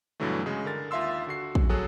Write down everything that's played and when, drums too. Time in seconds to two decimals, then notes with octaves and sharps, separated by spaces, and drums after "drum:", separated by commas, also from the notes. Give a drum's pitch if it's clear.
0.20 G2 B2 D3 E3 F#3 A3
0.46 C#3 G#3
0.65 D3 A#4 A6
0.91 D#2 F4 E5 F5 C6 E6
1.27 D3 F#4 C7
1.55 drum: kick
1.69 F#3 G#4 A4 C#5 F#6